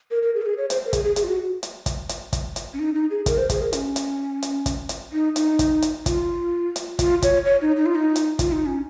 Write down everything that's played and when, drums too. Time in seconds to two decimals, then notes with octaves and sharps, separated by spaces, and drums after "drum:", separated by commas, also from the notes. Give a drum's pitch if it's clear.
0.11 A#4
0.23 A#4
0.35 G#4
0.42 A#4
0.46 G#4
0.58 C#5
0.70 C5, drum: hi-hat
0.85 A#4
0.93 G#4, drum: kick, hi-hat
1.04 G#4
1.16 G#4, drum: hi-hat
1.23 F4
1.28 F#4
1.63 drum: hi-hat
1.86 drum: kick, hi-hat
2.09 drum: hi-hat
2.33 drum: kick, hi-hat
2.56 drum: hi-hat
2.74 C#4
2.79 D#4
2.95 D#4
3.10 G#4
3.26 A#4, drum: kick, hi-hat
3.38 C5
3.49 G#4, drum: kick, hi-hat
3.61 A#4
3.73 C#4, drum: hi-hat
3.96 drum: hi-hat
4.42 drum: hi-hat
4.66 drum: kick, hi-hat
4.89 drum: hi-hat
5.13 D#4
5.36 D#4, drum: hi-hat
5.59 drum: kick, hi-hat
5.82 drum: hi-hat
6.06 F4, drum: kick, hi-hat
6.76 drum: hi-hat
6.99 F4, drum: kick, hi-hat
7.22 C#5, drum: kick, hi-hat
7.45 C#5
7.61 D#4
7.76 D#4
7.86 F4
7.95 D#4
8.16 drum: hi-hat
8.39 F4, drum: kick, hi-hat
8.52 D#4
8.66 C#4